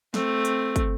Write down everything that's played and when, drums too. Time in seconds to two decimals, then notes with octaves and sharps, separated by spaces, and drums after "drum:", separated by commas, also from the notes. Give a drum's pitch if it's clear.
0.14 A3 C4, drum: snare
0.45 drum: hi-hat
0.76 drum: kick, hi-hat